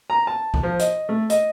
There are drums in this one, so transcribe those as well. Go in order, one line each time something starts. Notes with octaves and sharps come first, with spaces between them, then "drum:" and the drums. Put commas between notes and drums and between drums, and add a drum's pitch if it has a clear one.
A#5
A5
drum: kick
F3
D#5, drum: hi-hat
A3
D#5, drum: hi-hat